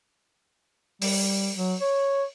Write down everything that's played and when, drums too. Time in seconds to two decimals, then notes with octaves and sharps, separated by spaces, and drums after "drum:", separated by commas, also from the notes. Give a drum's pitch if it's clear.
1.02 G3, drum: open hi-hat
1.56 F#3
1.81 C#5